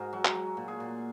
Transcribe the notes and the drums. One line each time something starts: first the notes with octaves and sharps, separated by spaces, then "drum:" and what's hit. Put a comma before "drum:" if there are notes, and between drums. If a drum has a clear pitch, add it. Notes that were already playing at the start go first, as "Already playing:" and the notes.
Already playing: G#2 F#4 G#4 A#4
F#3
drum: clap
F#3
A#2
G#4
A#2